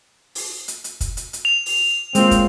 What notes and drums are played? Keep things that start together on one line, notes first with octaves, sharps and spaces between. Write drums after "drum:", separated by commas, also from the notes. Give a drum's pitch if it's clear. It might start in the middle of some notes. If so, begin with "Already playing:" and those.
drum: open hi-hat
drum: hi-hat
drum: hi-hat
drum: kick, hi-hat
drum: hi-hat
drum: hi-hat
F7
drum: open hi-hat
G#3 A#3 C4 F4, drum: hi-hat
drum: kick, hi-hat